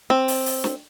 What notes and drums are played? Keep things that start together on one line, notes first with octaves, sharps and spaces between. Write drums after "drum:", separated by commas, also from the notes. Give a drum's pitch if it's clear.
C4
drum: open hi-hat
drum: open hi-hat
drum: snare